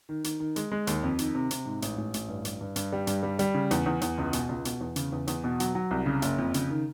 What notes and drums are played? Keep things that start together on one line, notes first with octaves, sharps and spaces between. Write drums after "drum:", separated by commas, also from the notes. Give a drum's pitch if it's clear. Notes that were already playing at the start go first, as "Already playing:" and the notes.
D#3
D#3, drum: hi-hat
D#3
G#3, drum: hi-hat
G#3
D#2, drum: hi-hat
F2
D#3, drum: hi-hat
C3
C3, drum: hi-hat
G#2
A1, drum: hi-hat
A1
A1, drum: hi-hat
G2
G2, drum: hi-hat
G2
G2, drum: hi-hat
G3
G2, drum: hi-hat
G3
G3, drum: hi-hat
C#3
E2, drum: hi-hat
E2
E2, drum: hi-hat
C#2
B2, drum: hi-hat
C#2
B2, drum: hi-hat
E2
C#3, drum: hi-hat
E2
E2, drum: hi-hat
B2
F#3, drum: hi-hat
F#3
C2
C#3
F#1, drum: hi-hat
F2
C#3, drum: hi-hat
D#3